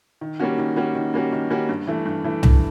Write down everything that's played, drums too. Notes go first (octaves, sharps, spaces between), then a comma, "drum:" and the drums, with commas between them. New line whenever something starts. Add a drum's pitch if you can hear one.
D#3
G3 A#3 C#4 F#4
D#3
G3 A#3 C#4 F#4
D#3
G3 A#3 C#4 F#4
D#3
G3 A#3 C#4 F#4
G2
E3 A3
G2
E3 A3
G2, drum: tom C2